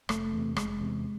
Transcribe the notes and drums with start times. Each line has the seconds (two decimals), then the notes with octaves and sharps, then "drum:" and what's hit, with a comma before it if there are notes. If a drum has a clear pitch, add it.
0.09 F1 A3, drum: rim click
0.33 E2
0.38 C3
0.56 F1 G#3, drum: rim click
0.80 E2 C3